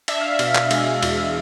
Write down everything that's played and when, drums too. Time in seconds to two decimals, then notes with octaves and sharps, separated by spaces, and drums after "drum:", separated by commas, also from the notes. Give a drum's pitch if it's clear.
0.08 D4 E5, drum: cymbal
0.21 F5
0.33 E5
0.39 B2, drum: cymbal
0.55 drum: clap
0.71 G#3, drum: cymbal
1.03 E2, drum: cymbal